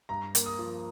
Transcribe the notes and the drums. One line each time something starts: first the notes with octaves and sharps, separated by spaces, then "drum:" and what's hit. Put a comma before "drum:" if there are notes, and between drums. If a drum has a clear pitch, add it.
G2 A#5
A#3, drum: hi-hat
D#6
F3